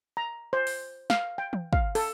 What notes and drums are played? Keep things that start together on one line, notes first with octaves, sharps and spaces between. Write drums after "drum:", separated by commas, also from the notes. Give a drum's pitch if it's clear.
A#5
C5
drum: open hi-hat
F5, drum: snare
G5
drum: tom E3
F5, drum: kick
A4, drum: open hi-hat